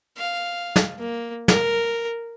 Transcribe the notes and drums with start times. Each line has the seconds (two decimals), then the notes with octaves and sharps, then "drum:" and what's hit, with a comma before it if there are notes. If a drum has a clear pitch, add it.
0.17 F5
0.76 drum: snare
0.99 A#3
1.48 A#4, drum: snare